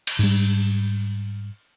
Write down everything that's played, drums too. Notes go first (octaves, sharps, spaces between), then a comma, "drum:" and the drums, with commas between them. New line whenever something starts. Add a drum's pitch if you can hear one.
drum: cymbal
G#2 G3